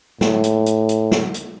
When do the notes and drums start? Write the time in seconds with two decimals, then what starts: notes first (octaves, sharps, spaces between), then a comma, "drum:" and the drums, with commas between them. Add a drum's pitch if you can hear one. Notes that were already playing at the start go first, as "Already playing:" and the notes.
0.21 A2, drum: snare
0.44 drum: hi-hat
0.66 drum: hi-hat
0.89 drum: hi-hat
1.12 drum: snare
1.34 drum: hi-hat